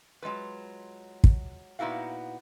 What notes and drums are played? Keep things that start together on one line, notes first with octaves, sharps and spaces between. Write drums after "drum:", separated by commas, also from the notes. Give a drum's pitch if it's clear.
F#3 G#3 F4 B4
drum: kick
A#2 B3 D#4 E4 F#4 F5